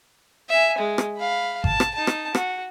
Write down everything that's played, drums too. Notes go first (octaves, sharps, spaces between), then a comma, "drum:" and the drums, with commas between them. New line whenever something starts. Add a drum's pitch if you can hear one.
E5 G#5
G#3
drum: rim click
F5 B5
A5, drum: kick G#1
drum: rim click
D#4 A5
drum: rim click
F#4, drum: rim click